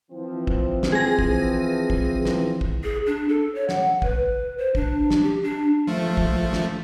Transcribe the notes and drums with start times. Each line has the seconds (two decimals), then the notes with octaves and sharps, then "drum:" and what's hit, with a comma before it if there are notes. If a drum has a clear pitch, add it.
0.11 E3 F3 C4
0.47 drum: kick
0.83 drum: snare
0.92 G#4 A#6
1.19 drum: kick
1.90 drum: kick
2.25 drum: snare
2.61 drum: kick
2.84 G#4
3.06 D4
3.29 A4
3.55 C#5
3.69 F#5, drum: snare
4.02 B4, drum: kick
4.58 C5
4.75 D4, drum: kick
5.10 drum: snare
5.23 G4
5.43 D4
5.87 F3 A3
6.17 drum: kick
6.53 drum: snare